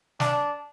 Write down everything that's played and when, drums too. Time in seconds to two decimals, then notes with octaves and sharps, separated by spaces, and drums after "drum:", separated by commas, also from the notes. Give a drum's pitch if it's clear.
0.20 D4, drum: snare